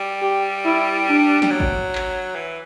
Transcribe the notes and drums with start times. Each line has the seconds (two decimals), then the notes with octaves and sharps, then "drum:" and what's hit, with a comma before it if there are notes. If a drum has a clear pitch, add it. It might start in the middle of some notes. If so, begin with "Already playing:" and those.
Already playing: G3
0.22 G4
0.65 E4
1.07 D4
1.42 G3, drum: snare
1.50 F#3
1.60 drum: kick G#1
1.95 drum: clap
2.35 E3